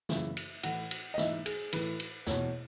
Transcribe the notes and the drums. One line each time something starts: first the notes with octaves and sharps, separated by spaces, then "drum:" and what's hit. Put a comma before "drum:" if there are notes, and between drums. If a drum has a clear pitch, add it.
F#2 C#3 E3 E5, drum: snare
drum: cymbal
A2 E3 F#5, drum: cymbal
drum: cymbal
D#5
G#2 E3 E5, drum: snare
G#4, drum: cymbal
A2 E3 B4, drum: cymbal
drum: cymbal
E2 B2 C#5, drum: snare